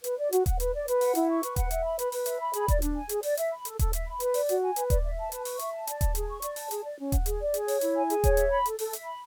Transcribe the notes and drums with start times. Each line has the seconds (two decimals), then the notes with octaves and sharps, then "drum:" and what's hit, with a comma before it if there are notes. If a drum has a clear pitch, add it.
0.04 B4, drum: hi-hat
0.18 D5
0.33 F#4, drum: hi-hat
0.46 F#5, drum: kick D#1, hi-hat
0.60 B4, drum: hi-hat
0.74 D5
0.88 B4, drum: hi-hat
1.01 F#5, drum: open hi-hat
1.15 E4, drum: hi-hat
1.30 C#6
1.43 B4, drum: hi-hat
1.56 F#5, drum: kick D#1, hi-hat
1.71 E5, drum: hi-hat
1.84 B5
1.99 B4, drum: hi-hat
2.12 B4, drum: open hi-hat
2.26 E5, drum: hi-hat
2.41 B5
2.53 G#4, drum: hi-hat
2.68 D5, drum: kick D#1, hi-hat
2.82 D4, drum: hi-hat
2.96 G#5
3.09 G#4, drum: hi-hat
3.23 D5, drum: open hi-hat
3.37 E5, drum: hi-hat
3.51 B5
3.65 A4, drum: hi-hat
3.79 A4, drum: kick D#1, hi-hat
3.93 E5, drum: hi-hat
4.07 B5
4.20 B4, drum: hi-hat
4.34 D5, drum: open hi-hat
4.49 F#4, drum: hi-hat
4.62 G#5
4.76 B4, drum: hi-hat
4.90 D5, drum: kick D#1, hi-hat
5.04 E5
5.18 A5
5.32 B4, drum: hi-hat
5.45 C#6, drum: open hi-hat
5.59 E5, drum: hi-hat
5.73 A5
5.87 D5, drum: hi-hat
6.01 A5, drum: kick D#1, hi-hat
6.15 G#4, drum: hi-hat
6.29 C#6
6.42 D5, drum: hi-hat
6.56 A5, drum: open hi-hat
6.71 G#4, drum: hi-hat
6.84 D5
6.99 C#4
7.12 F#5, drum: kick D#1, hi-hat
7.26 G#4, drum: hi-hat
7.40 D5
7.54 G#4, drum: hi-hat
7.68 C#5, drum: open hi-hat
7.81 E4, drum: hi-hat
7.96 G#5
8.10 G#4, drum: hi-hat
8.24 C#5, drum: kick D#1, hi-hat
8.37 E5, drum: hi-hat
8.51 B5
8.66 A4, drum: hi-hat
8.79 A4, drum: open hi-hat
8.93 E5, drum: hi-hat
9.06 B5